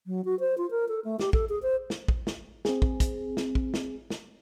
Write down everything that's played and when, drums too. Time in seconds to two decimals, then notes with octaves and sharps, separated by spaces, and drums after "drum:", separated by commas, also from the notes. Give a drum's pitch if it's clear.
0.07 F#3
0.25 F#4
0.40 C5
0.58 F4
0.71 A#4
0.88 A4
1.04 A3
1.19 G4, drum: snare
1.33 A4, drum: kick
1.49 G#4
1.62 C5
1.90 drum: snare
2.08 drum: kick
2.27 drum: snare
2.65 C4 G#4, drum: snare
2.82 drum: kick
3.00 drum: kick, hi-hat
3.37 drum: snare
3.55 drum: kick
3.74 drum: snare
4.10 drum: snare